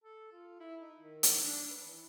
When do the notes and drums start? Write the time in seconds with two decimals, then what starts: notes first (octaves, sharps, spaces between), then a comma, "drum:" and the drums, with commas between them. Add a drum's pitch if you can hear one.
0.04 A4
0.32 F4
0.60 E4
0.81 D#4
1.00 D#3
1.23 drum: hi-hat
1.43 D4
1.70 B4
1.85 E3